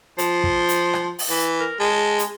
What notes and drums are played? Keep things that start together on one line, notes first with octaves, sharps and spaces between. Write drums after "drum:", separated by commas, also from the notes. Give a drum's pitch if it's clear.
F3 C5, drum: hi-hat
drum: kick
drum: hi-hat
drum: rim click
drum: open hi-hat
E3
A#4
G#3 A5
drum: hi-hat